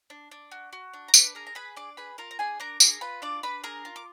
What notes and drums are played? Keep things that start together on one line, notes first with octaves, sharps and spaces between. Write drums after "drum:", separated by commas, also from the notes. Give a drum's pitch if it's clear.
D4
D4
F#4
F#4
D4
A#5
D4 B4 B5, drum: tambourine
G#4 A#4 A#5
A#5
G#4 B4 B5
D4 D5 D6
G#4 B4 B5
F4 A#4 A#5
A#5
D4 G#4 G#5
D4 A#4 A#5
G#4 A#4 A#5, drum: tambourine
F4 B4 B5
D4 D5 D6
D4 B4 B5
G#4 A#4 A#5
F4
D6